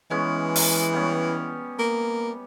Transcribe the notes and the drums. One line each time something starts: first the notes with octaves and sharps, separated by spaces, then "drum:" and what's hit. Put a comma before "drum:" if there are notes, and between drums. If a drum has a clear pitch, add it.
E3 G#3 B3 C#4
drum: open hi-hat
G3 B3 C#4
A#3